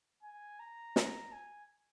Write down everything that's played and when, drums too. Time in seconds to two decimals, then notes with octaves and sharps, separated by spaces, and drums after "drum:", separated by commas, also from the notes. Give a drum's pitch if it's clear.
0.23 G#5
0.60 A#5
0.96 drum: snare
1.32 G#5